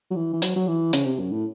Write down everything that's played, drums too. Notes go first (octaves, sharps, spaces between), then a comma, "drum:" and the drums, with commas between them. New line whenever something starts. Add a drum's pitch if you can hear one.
F#3
E3
E3
F#3, drum: hi-hat
F#3
E3
C#3, drum: hi-hat
C3
F#2
A2